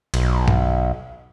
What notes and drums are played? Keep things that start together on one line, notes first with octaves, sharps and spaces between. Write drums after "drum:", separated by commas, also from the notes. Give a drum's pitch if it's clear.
B1, drum: cymbal
drum: tom G2